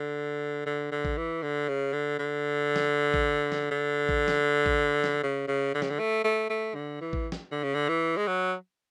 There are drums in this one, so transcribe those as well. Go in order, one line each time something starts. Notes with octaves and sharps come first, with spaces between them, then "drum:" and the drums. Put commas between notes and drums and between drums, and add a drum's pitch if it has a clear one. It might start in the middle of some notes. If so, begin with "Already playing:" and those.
Already playing: D3
D3
D3
drum: kick A1
E3
D3
C#3
D3
D3
drum: snare
drum: kick A1
drum: snare
D3
drum: kick A1
drum: snare
drum: kick A1
drum: snare
C#3
C#3
D3
C#3, drum: snare
D3
A3
A3
A3
D3
E3
drum: kick A1
drum: snare
D3
C#3
D3
E3
G#3
F#3